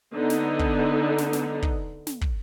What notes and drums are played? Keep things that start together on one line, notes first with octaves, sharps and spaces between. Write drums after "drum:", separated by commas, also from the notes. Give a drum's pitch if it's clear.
D3 B3 D#4
drum: snare
drum: kick
drum: snare
drum: snare
drum: kick
drum: snare
drum: kick